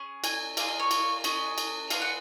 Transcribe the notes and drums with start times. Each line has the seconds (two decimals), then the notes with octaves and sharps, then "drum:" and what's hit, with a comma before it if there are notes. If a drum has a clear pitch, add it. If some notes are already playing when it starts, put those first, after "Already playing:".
Already playing: C#4 G#4
0.24 G#5, drum: cymbal
0.57 A#3 F4 G#4 F5, drum: cymbal
0.68 D#5
0.79 C#5
0.91 drum: cymbal
1.24 C#4 G#4 D#5, drum: cymbal
1.58 drum: cymbal
1.90 B3 F4 G#4 F5, drum: cymbal
2.02 F#5